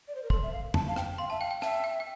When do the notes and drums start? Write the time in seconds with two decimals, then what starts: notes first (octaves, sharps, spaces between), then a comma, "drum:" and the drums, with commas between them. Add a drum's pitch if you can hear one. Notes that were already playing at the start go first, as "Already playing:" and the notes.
0.08 D5
0.15 C5
0.23 A#4
0.30 A4 C6, drum: kick
0.43 E5
0.53 F5
0.74 A5, drum: tom
0.88 F5
0.96 G5, drum: rim click
1.18 F5 C6
1.30 E5 A5
1.40 F5 G5
1.51 G5
1.62 E5 A5, drum: rim click
1.84 G5
2.00 G5